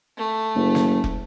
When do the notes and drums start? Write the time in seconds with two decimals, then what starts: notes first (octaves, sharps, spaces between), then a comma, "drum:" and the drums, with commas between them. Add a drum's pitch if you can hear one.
0.17 A3
0.55 F#1
0.75 drum: snare
1.04 drum: kick